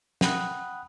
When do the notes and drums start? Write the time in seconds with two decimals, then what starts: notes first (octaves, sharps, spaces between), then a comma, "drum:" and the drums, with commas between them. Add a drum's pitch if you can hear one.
0.21 F#5 G5 B5 D#6 F#6, drum: snare